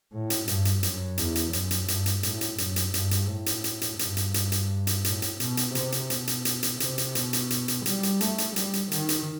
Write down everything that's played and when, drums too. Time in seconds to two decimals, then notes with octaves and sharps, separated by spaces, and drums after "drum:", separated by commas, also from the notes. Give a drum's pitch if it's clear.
0.13 A2
0.30 drum: hi-hat
0.48 G2, drum: hi-hat
0.65 drum: hi-hat
0.83 F#2, drum: hi-hat
1.18 E2, drum: hi-hat
1.35 drum: hi-hat
1.53 F#2, drum: hi-hat
1.71 drum: hi-hat
1.88 G2, drum: hi-hat
2.06 drum: hi-hat
2.23 A2, drum: hi-hat
2.41 drum: hi-hat
2.58 F#2, drum: hi-hat
2.76 drum: hi-hat
2.94 G2, drum: hi-hat
3.11 drum: hi-hat
3.28 A2
3.46 drum: hi-hat
3.64 drum: hi-hat
3.81 drum: hi-hat
3.99 G2, drum: hi-hat
4.17 drum: hi-hat
4.34 drum: hi-hat
4.52 drum: hi-hat
4.87 drum: hi-hat
5.04 A2, drum: hi-hat
5.22 drum: hi-hat
5.40 B2, drum: hi-hat
5.57 drum: hi-hat
5.75 C3, drum: hi-hat
5.92 drum: hi-hat
6.10 B2, drum: hi-hat
6.27 drum: hi-hat
6.45 drum: hi-hat
6.63 drum: hi-hat
6.80 C3, drum: hi-hat
6.98 drum: hi-hat
7.15 B2, drum: hi-hat
7.33 drum: hi-hat
7.50 drum: hi-hat
7.68 drum: hi-hat
7.86 G3, drum: hi-hat
8.03 drum: hi-hat
8.21 A3, drum: hi-hat
8.38 drum: hi-hat
8.56 G3, drum: hi-hat
8.73 drum: hi-hat
8.92 D#3, drum: hi-hat
9.09 drum: hi-hat